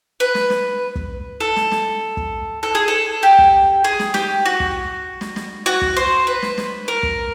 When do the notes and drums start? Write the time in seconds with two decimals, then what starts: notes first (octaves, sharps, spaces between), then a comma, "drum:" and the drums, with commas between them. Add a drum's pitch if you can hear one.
0.20 B4
0.35 drum: snare
0.50 drum: snare
0.96 drum: kick
1.40 A4
1.56 drum: snare
1.71 drum: snare
2.17 drum: kick
2.63 A4
2.75 G#4
2.88 A4
3.23 G4
3.39 drum: kick
3.84 G#4
3.99 drum: snare
4.14 G4, drum: snare
4.45 F#4
4.60 drum: kick
5.21 drum: snare
5.36 drum: snare
5.66 F#4
5.82 drum: kick
5.97 C5
6.27 B4
6.42 drum: snare
6.58 drum: snare
6.88 A#4
7.03 drum: kick